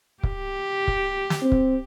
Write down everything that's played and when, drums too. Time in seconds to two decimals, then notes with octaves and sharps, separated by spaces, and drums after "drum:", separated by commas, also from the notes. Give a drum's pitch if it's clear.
0.23 G4, drum: kick
0.88 drum: kick
1.30 drum: snare
1.42 C4
1.52 drum: kick